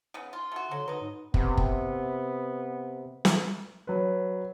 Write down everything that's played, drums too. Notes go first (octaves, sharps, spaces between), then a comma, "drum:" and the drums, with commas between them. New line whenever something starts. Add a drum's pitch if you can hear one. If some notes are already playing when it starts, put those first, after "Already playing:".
C#3 B3
F4 C6
A3 F#4
D3 F#3
F#3 D#4 B4
G#2
C3 B3, drum: kick
drum: kick
drum: snare
F#3 B4